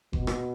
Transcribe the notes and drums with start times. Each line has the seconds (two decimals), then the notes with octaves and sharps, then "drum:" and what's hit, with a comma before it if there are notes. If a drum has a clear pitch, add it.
0.13 B2, drum: kick F#1
0.27 drum: rim click